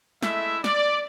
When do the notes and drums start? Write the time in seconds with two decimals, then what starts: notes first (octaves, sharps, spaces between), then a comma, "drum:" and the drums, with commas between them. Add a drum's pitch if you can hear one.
0.23 G#3 A3 E4 E5, drum: snare
0.64 D5, drum: snare